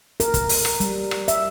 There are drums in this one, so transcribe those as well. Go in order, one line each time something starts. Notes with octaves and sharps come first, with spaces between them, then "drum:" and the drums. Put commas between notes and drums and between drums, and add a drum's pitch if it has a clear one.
A#4, drum: hi-hat
drum: kick, hi-hat
drum: open hi-hat
drum: rim click
G3, drum: hi-hat
drum: rim click
E5, drum: hi-hat